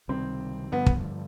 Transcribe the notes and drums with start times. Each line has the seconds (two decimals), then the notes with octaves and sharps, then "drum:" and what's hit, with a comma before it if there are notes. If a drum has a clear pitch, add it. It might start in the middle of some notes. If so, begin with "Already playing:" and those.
0.08 C#2 C3 D#3 G3 C4
0.72 G2 D3 F3 B3
0.86 drum: kick